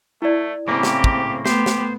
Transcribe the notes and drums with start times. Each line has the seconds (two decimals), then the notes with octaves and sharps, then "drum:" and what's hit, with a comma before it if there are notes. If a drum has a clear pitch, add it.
0.22 A3 E4 D5
0.68 A2 C#3 A#3 C4 G4
0.83 drum: snare
1.04 drum: kick
1.46 A3 B3 G4 C5, drum: snare
1.66 drum: snare